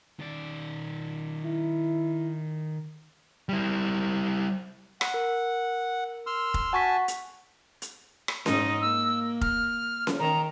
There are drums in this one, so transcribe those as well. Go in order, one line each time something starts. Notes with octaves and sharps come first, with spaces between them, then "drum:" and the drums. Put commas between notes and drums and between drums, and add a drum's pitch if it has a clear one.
D#3 D5
E4
G3 E4
F#5, drum: rim click
A#4
C6 E6 F6
drum: kick F1
F#4 F#5 G#5 A5 C#6 B6
drum: hi-hat
drum: hi-hat
drum: rim click
G#2 C#4 D#4, drum: snare C#4
A#3 E6
F6, drum: kick F1
drum: snare C#4
D#3 A#5